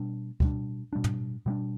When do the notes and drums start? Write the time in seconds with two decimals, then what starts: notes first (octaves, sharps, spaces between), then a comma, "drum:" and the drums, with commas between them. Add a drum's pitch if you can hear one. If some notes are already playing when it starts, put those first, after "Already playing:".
Already playing: B2 G3 D4
0.40 B2 G3 D4, drum: kick D2
0.93 B2 G3 D4
1.04 drum: tom
1.46 B2 G3 D4